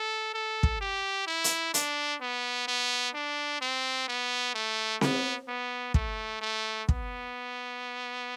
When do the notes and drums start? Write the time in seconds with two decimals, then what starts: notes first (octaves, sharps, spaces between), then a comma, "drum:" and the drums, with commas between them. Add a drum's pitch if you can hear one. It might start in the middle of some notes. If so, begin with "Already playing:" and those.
Already playing: A4
0.34 A4
0.63 drum: kick
0.81 G4
1.27 E4
1.44 drum: hi-hat
1.74 D4, drum: hi-hat
2.21 B3
2.67 B3
3.14 D4
3.61 C4
4.08 B3
4.54 A3
5.01 B3, drum: snare C4
5.48 B3
5.94 A3, drum: kick
6.41 A3
6.89 B3, drum: kick